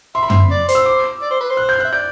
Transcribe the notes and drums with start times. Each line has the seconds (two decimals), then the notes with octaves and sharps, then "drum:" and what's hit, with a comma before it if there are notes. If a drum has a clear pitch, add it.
0.15 E5 C6
0.23 B5
0.30 C6, drum: tom
0.51 D5
0.68 C5, drum: hi-hat
0.75 E6
0.86 D6
1.22 D5
1.31 C5
1.41 B4
1.50 C5
1.57 F#6
1.69 G6
1.80 E5 F#6
1.93 D5 G6